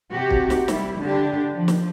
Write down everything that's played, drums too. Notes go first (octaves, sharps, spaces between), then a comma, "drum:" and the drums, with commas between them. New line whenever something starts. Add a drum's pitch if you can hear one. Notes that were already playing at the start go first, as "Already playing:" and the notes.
C3 F#4 G4
drum: kick
drum: snare
G3 E4, drum: snare
D3 D4 G4
F3
drum: snare